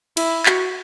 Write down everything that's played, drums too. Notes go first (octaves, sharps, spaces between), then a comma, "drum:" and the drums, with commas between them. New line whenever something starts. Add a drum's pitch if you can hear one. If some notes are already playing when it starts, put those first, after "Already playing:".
E4, drum: cymbal
F#4, drum: clap